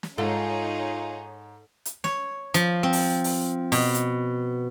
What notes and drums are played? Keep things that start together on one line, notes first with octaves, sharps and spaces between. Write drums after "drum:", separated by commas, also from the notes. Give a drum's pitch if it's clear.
drum: snare
G#2 D#4 F4 G#4 A4 C#5
drum: hi-hat
C#5, drum: snare
F3, drum: hi-hat
C4
drum: open hi-hat
drum: open hi-hat
B2, drum: open hi-hat
drum: hi-hat